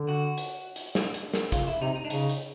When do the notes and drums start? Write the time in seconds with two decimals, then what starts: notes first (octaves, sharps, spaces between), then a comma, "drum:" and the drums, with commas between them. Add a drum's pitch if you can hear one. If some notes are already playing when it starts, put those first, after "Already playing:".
Already playing: D3
0.09 F#4
0.38 drum: hi-hat
0.76 drum: hi-hat
0.95 drum: snare
1.14 drum: hi-hat
1.34 drum: snare
1.52 C#3 F4, drum: kick, hi-hat
1.68 E4
1.81 C3 D#4
1.96 D#4
2.05 D4
2.10 C#3 D#4, drum: hi-hat
2.29 drum: hi-hat